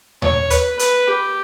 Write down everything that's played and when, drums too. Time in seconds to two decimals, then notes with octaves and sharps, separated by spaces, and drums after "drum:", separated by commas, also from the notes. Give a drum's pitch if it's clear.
0.22 C#5, drum: tom D#2
0.50 B4, drum: hi-hat
0.79 B4, drum: hi-hat
1.08 G4